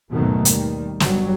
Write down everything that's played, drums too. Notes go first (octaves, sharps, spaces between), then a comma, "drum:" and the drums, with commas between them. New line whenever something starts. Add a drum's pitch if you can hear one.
D#2 G#2 B2 D#3 F#3 A3
D#2 D#3 G3, drum: hi-hat
G1 F#3 G3, drum: snare